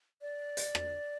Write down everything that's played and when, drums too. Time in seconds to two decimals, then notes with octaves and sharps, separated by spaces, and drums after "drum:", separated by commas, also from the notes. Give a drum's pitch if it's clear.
0.22 D5
0.57 drum: hi-hat
0.75 drum: rim click